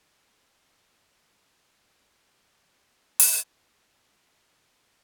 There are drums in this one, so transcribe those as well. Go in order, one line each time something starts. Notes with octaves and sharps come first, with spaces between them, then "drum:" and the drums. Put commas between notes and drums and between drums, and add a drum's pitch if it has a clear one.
F4
E4
C4
D4
A#3
C4
C4
D4
E4
C4
C4
D4
C4
C4
E4
drum: open hi-hat
G4
F4
G4